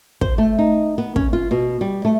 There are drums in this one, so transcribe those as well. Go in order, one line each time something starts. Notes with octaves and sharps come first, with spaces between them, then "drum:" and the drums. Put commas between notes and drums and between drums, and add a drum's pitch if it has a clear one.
C5, drum: kick
A3
D#4
B3
C#4, drum: kick
F4
B2
G3
A3